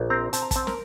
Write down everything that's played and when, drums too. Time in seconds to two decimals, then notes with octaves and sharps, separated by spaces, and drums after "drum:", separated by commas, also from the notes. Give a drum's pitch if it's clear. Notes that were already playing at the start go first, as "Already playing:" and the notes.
Already playing: A#1
0.10 C4 A#5
0.33 C4 A5, drum: hi-hat
0.42 A#5
0.51 C4 A5, drum: kick, hi-hat
0.67 A#4, drum: snare